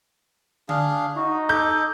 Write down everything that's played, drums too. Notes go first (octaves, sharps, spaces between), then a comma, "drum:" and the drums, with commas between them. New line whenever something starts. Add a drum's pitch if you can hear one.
D4 G#4 F5, drum: tom D3
D#4 F#4
A4 D#5 D6 G6